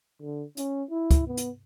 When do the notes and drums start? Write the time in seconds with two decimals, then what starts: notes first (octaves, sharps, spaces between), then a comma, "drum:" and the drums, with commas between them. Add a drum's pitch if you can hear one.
0.22 D3
0.57 C#4, drum: hi-hat
0.90 E4
1.11 drum: kick, hi-hat
1.27 B3
1.37 drum: hi-hat